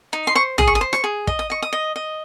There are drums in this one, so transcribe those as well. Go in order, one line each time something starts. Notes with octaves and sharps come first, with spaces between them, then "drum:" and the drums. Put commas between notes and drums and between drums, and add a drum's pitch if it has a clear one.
D#4
C6
C5 C#6
G#4 D#6, drum: tom A1
C#6
D#6
C5
C#6, drum: rim click
G#4
D#5, drum: kick
D#6
D#5 C#6
D#6
D#5
D#5